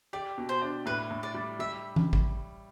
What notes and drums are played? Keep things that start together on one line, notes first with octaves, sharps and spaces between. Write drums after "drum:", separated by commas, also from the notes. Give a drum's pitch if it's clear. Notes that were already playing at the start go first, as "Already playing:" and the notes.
G4 D5
B2
C5
D4
A2 B4
A2
D5
G3
G3 E5
drum: tom E3
drum: kick